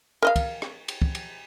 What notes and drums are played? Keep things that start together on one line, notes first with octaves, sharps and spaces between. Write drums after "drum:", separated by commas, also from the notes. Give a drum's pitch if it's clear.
A#4 D#5 F5
drum: kick, cymbal
drum: rim click
drum: cymbal
drum: kick
drum: cymbal